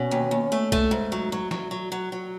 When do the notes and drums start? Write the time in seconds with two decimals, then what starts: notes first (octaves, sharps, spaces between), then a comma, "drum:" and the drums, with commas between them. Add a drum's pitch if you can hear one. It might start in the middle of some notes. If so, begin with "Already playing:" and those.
Already playing: B2 C#4
0.11 D#2
0.31 D#2
0.52 A3
0.72 A3, drum: kick B1
0.91 G#2
1.12 F#3
1.32 F#3
1.51 F#3, drum: snare
1.71 F#3
1.92 F#3
2.12 F#3